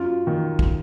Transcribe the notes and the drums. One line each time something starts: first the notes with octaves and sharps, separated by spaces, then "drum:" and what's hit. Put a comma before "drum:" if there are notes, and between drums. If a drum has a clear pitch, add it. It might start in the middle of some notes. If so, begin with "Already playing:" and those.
Already playing: F#2 F4
D#3
drum: kick